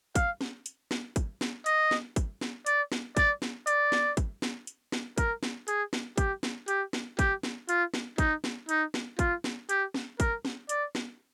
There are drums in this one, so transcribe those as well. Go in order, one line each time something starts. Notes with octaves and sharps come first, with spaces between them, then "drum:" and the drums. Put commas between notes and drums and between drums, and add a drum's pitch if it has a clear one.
F5, drum: kick, hi-hat
drum: snare
drum: hi-hat
drum: snare
drum: kick, hi-hat
drum: snare
D#5, drum: hi-hat
drum: snare
drum: kick, hi-hat
drum: snare
D5, drum: hi-hat
drum: snare
D5, drum: kick, hi-hat
drum: snare
D5, drum: hi-hat
drum: snare
drum: kick, hi-hat
drum: snare
drum: hi-hat
drum: snare
A#4, drum: kick, hi-hat
drum: snare
G#4, drum: hi-hat
drum: snare
G4, drum: kick, hi-hat
drum: snare
G4, drum: hi-hat
drum: snare
G4, drum: kick, hi-hat
drum: snare
F4, drum: hi-hat
drum: snare
D#4, drum: kick, hi-hat
drum: snare
D#4, drum: hi-hat
drum: snare
F4, drum: kick, hi-hat
drum: snare
G4, drum: hi-hat
drum: snare
A#4, drum: kick, hi-hat
drum: snare
D5, drum: hi-hat
drum: snare